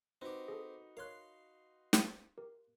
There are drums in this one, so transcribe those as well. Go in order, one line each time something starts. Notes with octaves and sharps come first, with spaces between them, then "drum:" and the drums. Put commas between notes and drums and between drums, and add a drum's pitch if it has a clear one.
C4 D#4 F#4 G4 B4
G#4 A4
A#4 C#5 F5 C6 F#6
drum: snare
G4 A#4